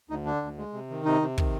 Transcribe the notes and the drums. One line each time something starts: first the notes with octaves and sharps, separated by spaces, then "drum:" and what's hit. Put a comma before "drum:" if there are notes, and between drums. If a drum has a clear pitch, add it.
D2 D#4
D3 D4
D2
G#3
C3
D#3
C3 D#4
C3
D#3, drum: kick